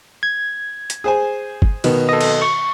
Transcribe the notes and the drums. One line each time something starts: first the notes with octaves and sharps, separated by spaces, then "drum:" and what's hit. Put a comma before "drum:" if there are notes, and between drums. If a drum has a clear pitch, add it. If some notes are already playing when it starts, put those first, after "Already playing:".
G#6
drum: hi-hat
G#4 C5 G#5
drum: kick G1
B2 D#3 B3, drum: cymbal
A4 D#5
drum: cymbal
C#6